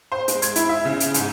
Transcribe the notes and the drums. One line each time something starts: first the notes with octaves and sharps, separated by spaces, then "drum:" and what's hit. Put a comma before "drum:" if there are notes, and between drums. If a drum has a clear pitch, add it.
C5
G#3, drum: hi-hat
G#6, drum: hi-hat
E4, drum: hi-hat
E5
C#3
drum: hi-hat
G#2, drum: hi-hat